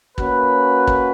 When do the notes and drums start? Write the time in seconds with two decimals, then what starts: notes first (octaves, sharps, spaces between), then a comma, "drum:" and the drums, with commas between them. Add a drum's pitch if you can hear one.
0.18 A#3 C#4 F#4 B4, drum: kick
0.87 drum: kick